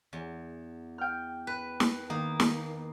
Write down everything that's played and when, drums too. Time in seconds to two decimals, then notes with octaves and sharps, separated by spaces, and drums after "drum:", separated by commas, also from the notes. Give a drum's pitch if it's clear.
0.13 E2
0.98 G5 F6
1.47 B4
1.80 drum: snare
2.10 D#3 A#3
2.40 drum: snare